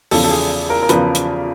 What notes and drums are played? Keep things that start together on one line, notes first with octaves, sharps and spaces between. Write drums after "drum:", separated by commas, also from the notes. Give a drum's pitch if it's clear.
E2 C#3 F3 A4, drum: open hi-hat
A4
G#4
A#4
A#4
E2 C#3 F3 B4, drum: hi-hat
drum: hi-hat